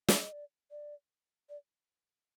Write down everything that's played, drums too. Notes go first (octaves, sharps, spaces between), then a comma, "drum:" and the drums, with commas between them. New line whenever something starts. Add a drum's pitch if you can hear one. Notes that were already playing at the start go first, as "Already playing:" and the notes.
E5, drum: snare
D#5
D5
D5
D5